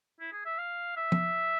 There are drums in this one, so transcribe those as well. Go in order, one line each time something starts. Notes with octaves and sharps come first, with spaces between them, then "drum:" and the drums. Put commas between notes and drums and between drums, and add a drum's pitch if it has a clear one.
E4
G#4
E5
F5
E5
drum: tom F3